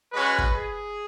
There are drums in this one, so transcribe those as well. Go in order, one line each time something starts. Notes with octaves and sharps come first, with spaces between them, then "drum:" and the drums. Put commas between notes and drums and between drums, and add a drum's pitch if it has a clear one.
G#3 C#4 F#4 B4
drum: kick
G#4